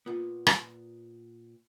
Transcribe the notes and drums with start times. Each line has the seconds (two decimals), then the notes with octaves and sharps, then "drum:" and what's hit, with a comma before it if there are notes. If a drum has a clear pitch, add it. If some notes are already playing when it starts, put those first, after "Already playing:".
0.06 A#2 B3 F4
0.47 drum: rim click